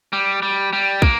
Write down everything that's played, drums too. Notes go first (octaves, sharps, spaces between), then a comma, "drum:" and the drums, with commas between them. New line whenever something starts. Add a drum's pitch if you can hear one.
G3
G3
G3
A#3, drum: kick